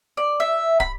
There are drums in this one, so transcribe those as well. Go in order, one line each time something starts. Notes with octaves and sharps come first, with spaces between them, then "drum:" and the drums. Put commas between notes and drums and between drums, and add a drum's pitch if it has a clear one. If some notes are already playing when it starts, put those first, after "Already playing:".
D5
E5
B5, drum: kick